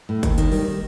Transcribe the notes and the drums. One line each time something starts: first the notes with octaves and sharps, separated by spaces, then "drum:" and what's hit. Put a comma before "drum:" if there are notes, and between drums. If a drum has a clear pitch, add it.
A2
D#2, drum: kick, hi-hat
D#3, drum: hi-hat
G3, drum: open hi-hat